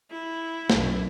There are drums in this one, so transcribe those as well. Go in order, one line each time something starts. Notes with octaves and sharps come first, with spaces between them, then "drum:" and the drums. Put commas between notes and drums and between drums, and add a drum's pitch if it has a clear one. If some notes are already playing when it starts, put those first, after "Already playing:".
E4
B1 F#2 B2, drum: snare